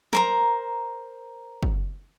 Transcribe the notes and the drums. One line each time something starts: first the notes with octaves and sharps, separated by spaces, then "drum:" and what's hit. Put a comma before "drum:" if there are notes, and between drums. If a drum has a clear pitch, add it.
A#4 C5 A#5, drum: snare
drum: kick